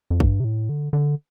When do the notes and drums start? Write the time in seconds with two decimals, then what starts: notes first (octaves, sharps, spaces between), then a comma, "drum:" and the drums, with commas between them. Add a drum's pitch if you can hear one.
0.10 F2
0.20 G2, drum: kick
0.40 C3
0.45 A2
0.69 D3
0.93 D3